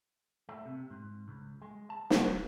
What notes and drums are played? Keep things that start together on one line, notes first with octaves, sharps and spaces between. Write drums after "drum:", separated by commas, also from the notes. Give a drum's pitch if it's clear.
A3
C3
G#2
C#2
G#3
A5
C3, drum: snare
G#3